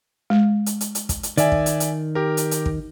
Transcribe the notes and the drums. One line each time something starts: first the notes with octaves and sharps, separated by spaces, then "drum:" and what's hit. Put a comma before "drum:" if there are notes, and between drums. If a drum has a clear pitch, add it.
G#3
drum: hi-hat
drum: hi-hat
drum: hi-hat
drum: kick, hi-hat
drum: hi-hat
D#3 D5 E5 G#5, drum: hi-hat
drum: kick
drum: hi-hat
drum: hi-hat
G4 A#4
drum: hi-hat
drum: hi-hat
drum: kick